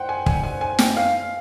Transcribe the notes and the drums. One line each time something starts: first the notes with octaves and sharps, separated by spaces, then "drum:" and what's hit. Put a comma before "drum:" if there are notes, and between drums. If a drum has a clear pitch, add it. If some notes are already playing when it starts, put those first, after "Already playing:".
Already playing: C5 F#5 G5
G#5
G#5, drum: kick
G#5
G#5
G5, drum: snare
F5